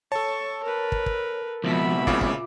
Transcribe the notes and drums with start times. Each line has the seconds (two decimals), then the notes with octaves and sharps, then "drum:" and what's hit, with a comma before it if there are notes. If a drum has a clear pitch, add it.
0.12 A4 C#5 A5 C#6
0.63 A#4 B4
0.92 drum: kick
1.06 drum: kick
1.64 C#2 B2 F3 E5 B5
2.07 A#2 C#3 F4 D6, drum: kick
2.21 drum: kick